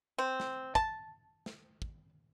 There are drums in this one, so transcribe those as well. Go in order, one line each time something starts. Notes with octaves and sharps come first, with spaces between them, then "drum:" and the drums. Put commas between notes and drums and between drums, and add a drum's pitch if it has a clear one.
C4
drum: snare
A5, drum: kick
drum: snare
drum: kick